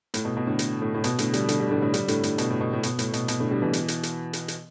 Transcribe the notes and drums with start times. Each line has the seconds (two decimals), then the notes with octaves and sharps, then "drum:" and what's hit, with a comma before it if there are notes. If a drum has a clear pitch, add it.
0.14 A2, drum: hi-hat
0.25 B2
0.37 B2
0.47 A2 D3
0.59 drum: hi-hat
0.82 A2
0.94 A2
1.04 B2, drum: hi-hat
1.19 A2 D3, drum: hi-hat
1.33 D3 G3, drum: hi-hat
1.49 D3 G3, drum: hi-hat
1.60 D3 G3
1.71 A2 D3
1.82 A2 D3
1.94 D3 G3, drum: hi-hat
2.08 A2 D3, drum: hi-hat
2.23 A2, drum: hi-hat
2.38 B2, drum: hi-hat
2.50 A2
2.61 B2
2.73 A2
2.83 B2, drum: hi-hat
2.99 A2, drum: hi-hat
3.13 B2, drum: hi-hat
3.28 B2, drum: hi-hat
3.40 A2 D3
3.51 D3 G3
3.62 B2 E3
3.73 drum: hi-hat
3.88 drum: hi-hat
4.03 drum: hi-hat
4.33 drum: hi-hat
4.48 drum: hi-hat